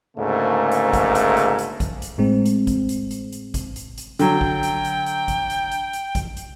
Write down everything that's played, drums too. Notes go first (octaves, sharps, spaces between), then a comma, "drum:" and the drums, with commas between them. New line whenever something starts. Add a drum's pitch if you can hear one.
D2 G#2 C#3 A3 A#3
drum: hi-hat
drum: kick G#1, hi-hat
drum: hi-hat
drum: hi-hat
drum: hi-hat
drum: kick G#1, hi-hat
drum: hi-hat
A2 G#3 C4
drum: hi-hat
drum: kick G#1, hi-hat
drum: hi-hat
drum: hi-hat
drum: hi-hat
drum: kick G#1, hi-hat
drum: hi-hat
drum: hi-hat
D3 F#3 G5, drum: hi-hat
drum: kick G#1
drum: hi-hat
drum: hi-hat
drum: hi-hat
drum: kick G#1, hi-hat
drum: hi-hat
drum: hi-hat
drum: hi-hat
drum: kick G#1, hi-hat
drum: hi-hat